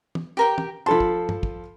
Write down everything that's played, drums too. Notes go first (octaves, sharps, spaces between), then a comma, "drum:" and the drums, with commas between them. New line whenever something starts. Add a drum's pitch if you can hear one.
drum: tom
G4 A#4 G5
drum: tom
F3 A4 A5 B5 C6
drum: kick
drum: tom
drum: kick